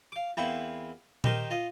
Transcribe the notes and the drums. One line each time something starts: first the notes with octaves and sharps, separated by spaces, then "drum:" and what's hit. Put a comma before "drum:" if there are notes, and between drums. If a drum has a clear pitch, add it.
F5 D6
E2 A#3 C4 E4 B4 F#5
D#3 D#4 G4 A#4 C5, drum: tom A#2
F4 D#5